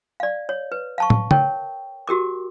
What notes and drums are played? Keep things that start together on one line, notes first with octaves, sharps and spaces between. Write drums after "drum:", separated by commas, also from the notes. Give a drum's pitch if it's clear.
D5 F5
C#5
B4
F5 A5 C#6
drum: tom
A#4 C#5 G5, drum: tom
F#4 G4 A#4 D6